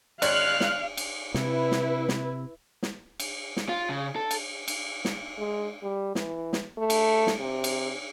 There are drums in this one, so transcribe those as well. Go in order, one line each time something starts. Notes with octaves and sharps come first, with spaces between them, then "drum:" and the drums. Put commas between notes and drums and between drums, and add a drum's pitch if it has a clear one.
G#1 C#5 D5 F5 F6 F#6, drum: cymbal
drum: snare
drum: cymbal
C3 E4 B4, drum: snare
drum: snare
drum: snare
drum: snare
drum: cymbal
drum: snare
F4
C#3
A4
drum: cymbal
drum: cymbal
drum: snare
G#3
G3
E3, drum: snare
drum: snare
A3
drum: cymbal
drum: snare
C3
drum: cymbal